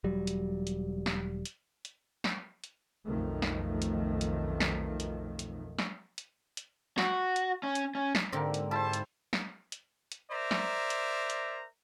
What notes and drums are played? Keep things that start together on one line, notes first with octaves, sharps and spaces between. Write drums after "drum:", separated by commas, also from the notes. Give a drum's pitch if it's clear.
E1 F#3 G3
drum: hi-hat
drum: hi-hat
drum: snare
drum: hi-hat
drum: hi-hat
drum: snare
drum: hi-hat
B1 F2 D#3 F3 A3
drum: snare
drum: hi-hat
drum: hi-hat
drum: snare
drum: hi-hat
drum: hi-hat
drum: snare
drum: hi-hat
drum: hi-hat
F#4, drum: snare
drum: hi-hat
C#4
drum: hi-hat
C#4
drum: snare
G#2 D3 A#3 C4 G4 A#4
drum: hi-hat
E4 G4 C5 A5
drum: hi-hat
drum: snare
drum: hi-hat
drum: hi-hat
A#4 C5 D5 E5 A#5
drum: snare
drum: hi-hat
drum: hi-hat